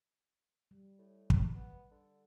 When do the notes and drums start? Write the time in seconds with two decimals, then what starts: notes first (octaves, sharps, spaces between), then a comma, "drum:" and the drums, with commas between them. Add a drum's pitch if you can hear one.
0.71 G3
0.99 A2
1.30 drum: kick
1.55 B3
1.91 D3